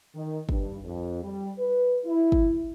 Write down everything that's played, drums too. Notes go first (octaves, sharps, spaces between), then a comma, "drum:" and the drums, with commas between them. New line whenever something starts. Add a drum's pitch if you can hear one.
D#3
G2, drum: kick
F2
G3
B4
E4
drum: kick